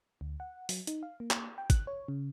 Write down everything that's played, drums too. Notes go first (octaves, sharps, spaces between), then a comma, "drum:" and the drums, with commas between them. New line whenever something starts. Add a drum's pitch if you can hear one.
D2
F#5
F#3, drum: open hi-hat
D#4, drum: hi-hat
F5
A#3
drum: clap
G5
F#6, drum: kick, hi-hat
C#5
C#3